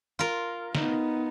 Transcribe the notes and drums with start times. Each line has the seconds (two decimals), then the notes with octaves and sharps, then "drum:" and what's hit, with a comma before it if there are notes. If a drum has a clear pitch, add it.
0.19 F4 A#4
0.75 B3 D#4, drum: snare